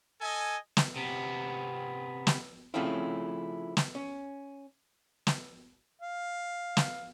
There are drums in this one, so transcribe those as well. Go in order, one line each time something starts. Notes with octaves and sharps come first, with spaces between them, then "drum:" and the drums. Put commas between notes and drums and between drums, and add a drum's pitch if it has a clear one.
A4 D#5 G#5
drum: snare
C3 B3
drum: snare
C#3 F3 A3 C4 C#4 E4
drum: snare
C#4
drum: snare
F5
drum: snare